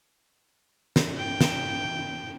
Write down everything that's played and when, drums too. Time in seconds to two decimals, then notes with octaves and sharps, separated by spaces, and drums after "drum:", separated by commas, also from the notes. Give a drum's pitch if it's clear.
0.96 drum: snare
1.18 G5
1.41 drum: snare